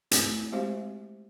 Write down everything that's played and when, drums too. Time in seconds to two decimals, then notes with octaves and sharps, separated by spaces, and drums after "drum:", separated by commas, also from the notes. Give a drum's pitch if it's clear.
0.11 A3 C4 E4, drum: hi-hat
0.52 G#3 C4 F#4 G4 C5 F5